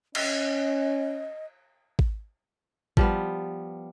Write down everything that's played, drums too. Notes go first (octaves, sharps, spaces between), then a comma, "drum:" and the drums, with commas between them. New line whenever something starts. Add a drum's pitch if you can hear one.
C#4 D#5, drum: cymbal
drum: kick G#1
F3 G3 B3, drum: kick G#1